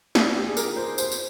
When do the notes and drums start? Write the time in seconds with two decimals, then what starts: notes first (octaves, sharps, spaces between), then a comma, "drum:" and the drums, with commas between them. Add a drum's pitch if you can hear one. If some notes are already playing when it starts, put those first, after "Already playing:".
0.15 D5, drum: snare
0.36 G4
0.46 G#4
0.57 A#4, drum: tambourine
0.77 C5
0.98 C5, drum: tambourine
1.12 drum: tambourine